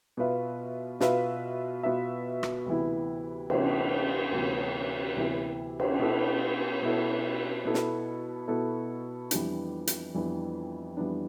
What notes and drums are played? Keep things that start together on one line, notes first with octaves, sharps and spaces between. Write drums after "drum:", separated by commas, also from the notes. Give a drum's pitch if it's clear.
B2 B3 F4 B4 E5
B2 B3 F4 B4 E5, drum: snare
B2 B3 F4 B4 E5
drum: rim click
D2 C3 E3 B3 E4
D2 C3 E3 B3 E4, drum: cymbal
D2 C3 E3 B3 E4
D2 C3 E3 B3 E4
drum: cymbal
B2 B3 E4 A4
B2 B3 E4 A4
B2 B3 E4 A4
drum: snare
B2 B3 E4 A4
F2 E3 G3 B3 D4, drum: hi-hat
drum: hi-hat
F2 E3 G3 B3 D4
F2 E3 G3 B3 D4